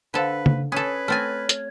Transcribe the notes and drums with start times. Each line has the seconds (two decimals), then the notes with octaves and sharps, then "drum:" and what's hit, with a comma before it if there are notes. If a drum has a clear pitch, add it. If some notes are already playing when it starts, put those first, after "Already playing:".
0.14 D3 D4 A4 B4 C5 F5
0.46 drum: tom C#3
0.72 C#4 A4 B4 C#5 D#6
1.08 A3 C4 G#5 F6 A6
1.49 drum: hi-hat